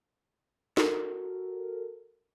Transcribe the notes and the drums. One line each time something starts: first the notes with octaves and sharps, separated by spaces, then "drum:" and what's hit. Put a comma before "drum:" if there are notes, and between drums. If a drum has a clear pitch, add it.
F#4 A4 A#4, drum: snare